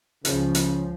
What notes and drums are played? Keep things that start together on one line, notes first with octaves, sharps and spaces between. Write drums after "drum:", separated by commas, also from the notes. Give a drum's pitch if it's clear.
C#2 C#3 F3, drum: hi-hat
drum: hi-hat